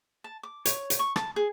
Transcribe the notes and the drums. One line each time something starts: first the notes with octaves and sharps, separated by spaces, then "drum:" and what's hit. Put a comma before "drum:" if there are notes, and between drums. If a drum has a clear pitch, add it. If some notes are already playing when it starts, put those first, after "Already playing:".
A5
D6
C#5, drum: hi-hat
drum: hi-hat
C#6
A5, drum: rim click
G#4